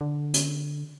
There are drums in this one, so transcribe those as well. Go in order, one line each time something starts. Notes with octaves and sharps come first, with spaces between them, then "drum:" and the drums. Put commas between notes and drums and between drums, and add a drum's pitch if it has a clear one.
D3
drum: hi-hat